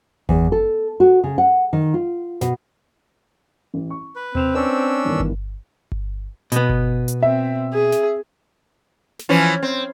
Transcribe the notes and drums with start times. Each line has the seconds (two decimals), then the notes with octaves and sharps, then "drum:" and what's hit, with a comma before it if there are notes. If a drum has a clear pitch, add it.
0.29 E2, drum: kick G1
0.52 A4
1.00 F#4
1.24 C#3
1.38 F#5
1.73 D#3
1.94 F4
2.41 B2, drum: snare
3.74 A1
3.90 C#6
4.16 B4
4.35 C3 C4 E7 F7, drum: tom D#2
4.55 C#4 D4 B4 E6
5.05 E2 G2 D#3
5.20 drum: kick G1
5.92 drum: kick G1
6.52 B2 B3, drum: hi-hat
6.69 drum: kick G1
7.08 drum: hi-hat
7.23 C4 E5
7.73 G#4
7.92 drum: snare
9.19 drum: snare
9.29 E3 F3 C#4
9.63 C4